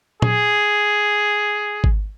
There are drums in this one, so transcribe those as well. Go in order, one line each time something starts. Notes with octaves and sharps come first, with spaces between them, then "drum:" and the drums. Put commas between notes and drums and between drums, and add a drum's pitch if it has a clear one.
G#4, drum: tom A#2
drum: kick G#1